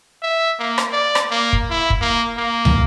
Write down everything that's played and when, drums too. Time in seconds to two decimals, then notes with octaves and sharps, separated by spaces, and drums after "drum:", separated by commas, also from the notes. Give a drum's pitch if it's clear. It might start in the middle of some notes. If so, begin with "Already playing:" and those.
0.22 E5
0.59 A#3
0.78 drum: rim click
0.92 D5
1.15 drum: rim click
1.31 A#3
1.53 drum: kick
1.70 E4
1.90 drum: kick
2.01 A#3
2.37 A#3
2.65 drum: tom